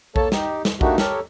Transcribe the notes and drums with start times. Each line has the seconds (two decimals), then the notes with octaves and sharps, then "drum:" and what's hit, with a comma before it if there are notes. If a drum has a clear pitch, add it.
0.16 A#3 A4 C#5 A5, drum: kick A#1
0.32 D#4 G4, drum: snare
0.65 drum: snare
0.81 A3 A#3 D4 D#4 F#4 G4, drum: kick A#1
0.98 G4 A4 A#4 C#5, drum: snare